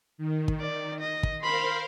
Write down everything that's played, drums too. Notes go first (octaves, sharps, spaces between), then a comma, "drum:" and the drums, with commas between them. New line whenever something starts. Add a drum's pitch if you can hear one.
D#3
drum: kick
D5
D#5
drum: kick
A#4 C5 F5 B5 C6